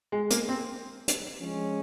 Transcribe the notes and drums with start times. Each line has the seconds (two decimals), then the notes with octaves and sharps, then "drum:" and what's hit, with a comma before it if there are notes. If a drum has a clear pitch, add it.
0.12 G#3
0.30 A#3, drum: hi-hat
0.49 C4
1.08 drum: hi-hat
1.41 F3 G#3 C#4